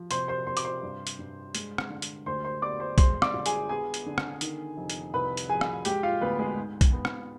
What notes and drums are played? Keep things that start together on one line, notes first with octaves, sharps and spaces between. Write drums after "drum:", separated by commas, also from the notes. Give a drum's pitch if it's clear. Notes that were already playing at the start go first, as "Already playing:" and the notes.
Already playing: F3
C3 C5 C6, drum: hi-hat
C5 C6
C3 C5 C6
D6, drum: hi-hat
C5 C6
G2
drum: hi-hat
G2
G#3, drum: hi-hat
drum: rim click
D3
drum: hi-hat
D2 C5 C6
C5 C6
B3 D5 D6
C5 C6
G#3 C5 C6, drum: kick B1, hi-hat
D5 D6, drum: rim click
G1
G#4 G#5, drum: hi-hat
B3 G#4 G#5
drum: hi-hat
D3
drum: rim click
D#3, drum: hi-hat
F1
drum: hi-hat
C2 B4 B5
drum: hi-hat
F3 G#4 G#5
drum: rim click
G#3 G4 G5, drum: hi-hat
F4 F5
D2 B3 B4
G#3 G#4
G#2
drum: kick B1, hi-hat
B3
drum: rim click